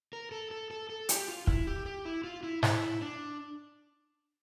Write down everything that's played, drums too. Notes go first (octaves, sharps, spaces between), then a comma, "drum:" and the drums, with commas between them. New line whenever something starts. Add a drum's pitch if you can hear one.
A#4
A4
A4
A4
A4
G4, drum: hi-hat
F4
E4, drum: kick
G4
G4
E4
F4
E4
E4, drum: snare G#2
D4